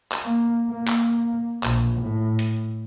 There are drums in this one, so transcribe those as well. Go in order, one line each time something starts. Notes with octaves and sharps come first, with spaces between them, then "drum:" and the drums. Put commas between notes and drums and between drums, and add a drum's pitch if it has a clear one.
drum: clap
A#3
A#3
drum: clap
A#1, drum: clap
A2
drum: hi-hat